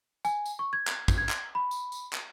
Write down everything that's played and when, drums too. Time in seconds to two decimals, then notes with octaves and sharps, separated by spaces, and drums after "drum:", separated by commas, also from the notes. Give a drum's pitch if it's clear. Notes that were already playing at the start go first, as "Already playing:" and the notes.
0.25 G#5, drum: tambourine
0.46 drum: tambourine
0.59 C#6
0.73 G#6
0.87 drum: clap
1.08 drum: kick, tambourine
1.18 G#6
1.29 drum: clap
1.55 B5
1.71 drum: tambourine
1.92 drum: tambourine
2.13 drum: clap